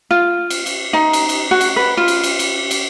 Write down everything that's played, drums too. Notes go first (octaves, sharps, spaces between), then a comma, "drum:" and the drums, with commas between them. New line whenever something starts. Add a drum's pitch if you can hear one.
F4
drum: cymbal
drum: cymbal
D#4
drum: cymbal
drum: cymbal
F#4
drum: cymbal
B4
F4
drum: cymbal
drum: cymbal
drum: cymbal
drum: cymbal